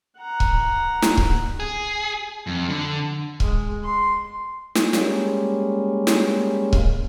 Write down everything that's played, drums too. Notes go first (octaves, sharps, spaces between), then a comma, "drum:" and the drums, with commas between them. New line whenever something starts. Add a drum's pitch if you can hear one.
F#5 A#5
drum: kick C#1
drum: snare
drum: kick C#1
G#4
F2
D3
G#3, drum: kick C#1
C6
drum: snare
G3 G#3 A#3 C#4, drum: snare
drum: snare
drum: kick C#1